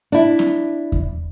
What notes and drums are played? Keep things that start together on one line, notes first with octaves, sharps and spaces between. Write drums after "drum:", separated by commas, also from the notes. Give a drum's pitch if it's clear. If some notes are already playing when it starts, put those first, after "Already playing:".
D4 E4
drum: snare C4
drum: kick E2